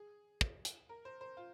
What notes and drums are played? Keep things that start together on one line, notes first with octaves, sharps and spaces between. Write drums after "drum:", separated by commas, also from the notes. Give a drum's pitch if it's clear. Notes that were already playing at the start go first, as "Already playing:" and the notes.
Already playing: G#4
drum: kick
drum: hi-hat
A#4
C5
C5
F4